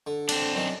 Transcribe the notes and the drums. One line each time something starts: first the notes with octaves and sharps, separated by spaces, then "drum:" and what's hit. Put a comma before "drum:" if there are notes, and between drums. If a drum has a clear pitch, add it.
D3
C4 D4, drum: cymbal
F#2 D#3